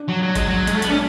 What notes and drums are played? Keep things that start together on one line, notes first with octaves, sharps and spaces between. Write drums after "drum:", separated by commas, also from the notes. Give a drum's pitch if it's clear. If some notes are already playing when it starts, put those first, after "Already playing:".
Already playing: D4
F#3
F#3
G#3, drum: kick, hi-hat
F#3
G#3, drum: hi-hat
A3
B3, drum: hi-hat
C#4 D4